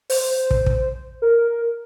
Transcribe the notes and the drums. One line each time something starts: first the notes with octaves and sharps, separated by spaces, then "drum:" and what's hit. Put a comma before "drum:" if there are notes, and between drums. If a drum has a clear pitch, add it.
C5, drum: open hi-hat
drum: kick
drum: kick
A#4